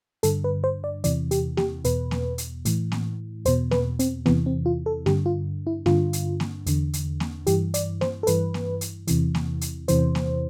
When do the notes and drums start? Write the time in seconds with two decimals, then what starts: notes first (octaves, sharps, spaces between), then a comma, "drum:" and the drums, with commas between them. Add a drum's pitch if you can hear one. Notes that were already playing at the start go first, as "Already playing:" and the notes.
0.23 G2 D3 A4, drum: hi-hat
0.44 B4
0.64 C5
0.84 D5
1.04 E2 C3 E3 D5, drum: hi-hat
1.31 G4, drum: hi-hat
1.57 G4, drum: snare A#3
1.84 E2 B2 B4, drum: hi-hat
2.11 drum: snare A#3
2.38 drum: hi-hat
2.65 A2 E3, drum: hi-hat
2.92 drum: snare A#3
3.45 E2 B2 C5, drum: hi-hat
3.71 B4, drum: snare A#3
3.99 C4, drum: hi-hat
4.26 E2 C3 E3 B3, drum: snare A#3
4.46 C4
4.66 F4
4.86 A4
5.06 G2 D3 G4, drum: snare A#3
5.26 F4
5.67 E4
5.86 G2 D3 F4, drum: snare A#3
6.13 drum: hi-hat
6.40 drum: snare A#3
6.66 E2 D3, drum: hi-hat
6.93 drum: hi-hat
7.20 drum: snare A#3
7.47 G2 E3 G4, drum: hi-hat
7.74 D5, drum: hi-hat
8.01 C5, drum: snare A#3
8.23 A4
8.27 G2 E3 B4, drum: hi-hat
8.54 drum: snare A#3
8.81 drum: hi-hat
9.07 E2 C3 E3, drum: hi-hat
9.35 drum: snare A#3
9.61 drum: hi-hat
9.88 E2 C3 E3 C5, drum: hi-hat
10.15 drum: snare A#3